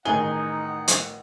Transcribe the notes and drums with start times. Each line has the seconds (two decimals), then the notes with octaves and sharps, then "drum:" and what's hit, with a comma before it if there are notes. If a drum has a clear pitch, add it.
0.05 A1 D#3 D#4 G#4 F#5 G7
0.88 drum: hi-hat